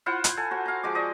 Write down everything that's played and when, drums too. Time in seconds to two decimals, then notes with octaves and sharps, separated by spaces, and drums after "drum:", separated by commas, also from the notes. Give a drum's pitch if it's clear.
0.06 E4 F4 C5 F#5
0.24 drum: hi-hat
0.37 A4 G#5
0.51 F#4 C5
0.66 F5 A#5
0.83 F3 G#3 F#4 D6
0.95 C5 D5 D#5 C#6